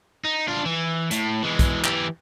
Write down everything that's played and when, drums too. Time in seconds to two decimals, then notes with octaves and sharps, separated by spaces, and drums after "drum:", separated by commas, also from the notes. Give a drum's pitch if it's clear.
0.25 D#4
0.48 D4 F4
0.65 E3
1.11 A2, drum: hi-hat
1.43 E3 G#3
1.59 drum: kick, hi-hat
1.85 E3 G4, drum: clap